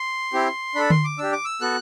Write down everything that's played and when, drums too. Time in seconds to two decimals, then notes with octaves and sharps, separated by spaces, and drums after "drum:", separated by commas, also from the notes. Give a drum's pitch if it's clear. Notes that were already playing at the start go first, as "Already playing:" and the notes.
Already playing: C6
0.33 C4 E4 G4
0.75 D4 A4 B5
0.90 C6, drum: tom D3
1.04 D6
1.18 D4 G4 E6
1.32 D6
1.45 E6
1.61 B3 F#4 A4 F#6